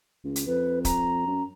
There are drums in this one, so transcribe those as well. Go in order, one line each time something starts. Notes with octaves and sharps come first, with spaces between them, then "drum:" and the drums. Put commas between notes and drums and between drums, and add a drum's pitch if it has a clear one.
C#2
drum: hi-hat
F2 B4
A#5, drum: kick, hi-hat
F#2